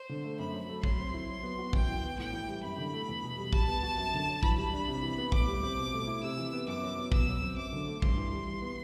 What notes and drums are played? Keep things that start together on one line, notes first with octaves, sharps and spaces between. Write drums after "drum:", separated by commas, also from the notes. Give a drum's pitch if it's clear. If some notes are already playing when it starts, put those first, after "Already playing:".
Already playing: C5
D3
A3
F#2 B5
F#3
A3
F#3 C6, drum: kick
C4
E4
F#3
B3
F#4
F#2 G5, drum: kick
E3
B3
A2 G5
E3
G3
F#2 B5
D3
A3
E2
B2
G3
G3 A5, drum: kick
B3
F#4
F#2
D3
F#3
E3 B5, drum: kick
G3
D4
C3
E3
B3
A2 D6, drum: kick
G3
C4
B2
A3
E4
C3 E6
E3
B3
F#2 D6
F#3
B3
B2 E6, drum: kick
F#3
C4
F#2 D6
D3
A3
G2 C6, drum: kick
E3
G3
E3
B3